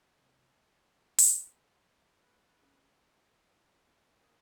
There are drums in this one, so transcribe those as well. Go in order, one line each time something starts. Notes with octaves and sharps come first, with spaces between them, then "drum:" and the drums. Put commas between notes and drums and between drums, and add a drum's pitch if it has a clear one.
C3
drum: open hi-hat
B4
B4
C#3
A#3 D#4 G#4 A#4